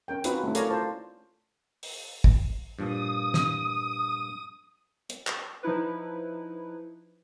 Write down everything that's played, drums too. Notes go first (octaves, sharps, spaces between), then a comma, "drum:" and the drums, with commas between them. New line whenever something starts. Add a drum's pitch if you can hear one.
C#4 A#4 G5
C4 C#4 D#4 F4 F#4 B4, drum: hi-hat
A3 C#4 E4
A4 A#4 C#5 D5 F5 A#5, drum: hi-hat
F4 C5 A5
drum: open hi-hat
drum: kick
G2 A#2 F3 D#6
drum: snare
drum: hi-hat
drum: clap
F3 D#4 E4 B4